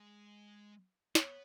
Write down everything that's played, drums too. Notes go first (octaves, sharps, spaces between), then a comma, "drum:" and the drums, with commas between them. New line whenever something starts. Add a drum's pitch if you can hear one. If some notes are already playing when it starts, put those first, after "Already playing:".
Already playing: G#3
B3 C#5, drum: snare